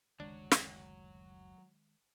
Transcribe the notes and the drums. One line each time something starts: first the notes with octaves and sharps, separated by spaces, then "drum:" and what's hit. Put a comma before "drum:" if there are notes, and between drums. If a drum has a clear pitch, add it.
F#1 D2 D#3 F#3 G#3 D4 C#5
drum: snare